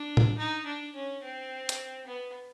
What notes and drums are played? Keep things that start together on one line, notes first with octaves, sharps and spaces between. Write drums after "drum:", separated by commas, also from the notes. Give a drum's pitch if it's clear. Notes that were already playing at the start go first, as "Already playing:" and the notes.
Already playing: D4
drum: tom A2
D#4
D4
C#4
C4
drum: hi-hat
B3